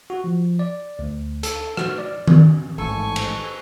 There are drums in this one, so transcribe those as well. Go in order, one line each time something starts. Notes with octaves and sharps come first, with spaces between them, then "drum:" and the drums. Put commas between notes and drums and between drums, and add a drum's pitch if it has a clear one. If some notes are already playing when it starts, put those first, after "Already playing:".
F#4
F3
D5
D2
A4, drum: hi-hat
F#4, drum: rim click
D5
drum: tom D#3
A1 G#2 A4 G#5 C#6
drum: cymbal